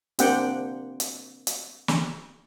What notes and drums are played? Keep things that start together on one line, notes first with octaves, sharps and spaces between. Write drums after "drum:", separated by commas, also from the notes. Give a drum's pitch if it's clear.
A#3 C4 D4 G4 F#5 G5, drum: hi-hat
drum: hi-hat
drum: hi-hat
drum: snare